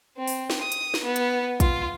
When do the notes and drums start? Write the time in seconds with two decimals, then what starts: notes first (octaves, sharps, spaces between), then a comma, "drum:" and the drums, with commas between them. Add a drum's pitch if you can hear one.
0.17 C4
0.28 drum: open hi-hat
0.50 drum: snare
0.61 D#6
0.72 drum: hi-hat
0.94 drum: snare
1.04 B3
1.16 drum: hi-hat
1.60 F4, drum: kick A#1, hi-hat